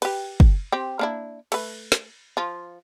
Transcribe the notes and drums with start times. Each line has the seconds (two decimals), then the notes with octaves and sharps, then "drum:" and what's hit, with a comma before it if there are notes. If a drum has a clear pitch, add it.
0.02 G4 B4, drum: cymbal
0.40 drum: kick
0.72 C4 G4
0.99 A#3 D4 E4
1.52 A3 B4, drum: cymbal
1.92 drum: snare
2.37 F3 F4